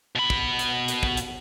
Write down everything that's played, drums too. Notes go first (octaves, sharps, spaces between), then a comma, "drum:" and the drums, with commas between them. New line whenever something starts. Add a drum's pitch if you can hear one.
B2 B5
drum: kick
drum: hi-hat
drum: hi-hat
drum: kick
drum: hi-hat